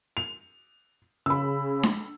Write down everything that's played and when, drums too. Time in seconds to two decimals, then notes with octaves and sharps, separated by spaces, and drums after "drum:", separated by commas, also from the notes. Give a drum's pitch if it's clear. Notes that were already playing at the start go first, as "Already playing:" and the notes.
0.17 F7
1.26 C#3 B5 E6
1.83 drum: snare D4